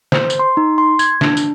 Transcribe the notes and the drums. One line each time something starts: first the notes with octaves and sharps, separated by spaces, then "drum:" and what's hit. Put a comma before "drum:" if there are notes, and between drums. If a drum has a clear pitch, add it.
C5, drum: snare
drum: tambourine
C6
D#4
C6
G#6, drum: tambourine
D4, drum: snare
drum: tambourine